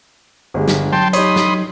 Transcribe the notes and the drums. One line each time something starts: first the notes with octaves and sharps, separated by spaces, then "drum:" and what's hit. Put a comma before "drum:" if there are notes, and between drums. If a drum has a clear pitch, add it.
G1 G#3 G4
drum: snare
F#3 G5 A5 C6
D#4 G4 C#5 B5 C6 D#6, drum: hi-hat
drum: snare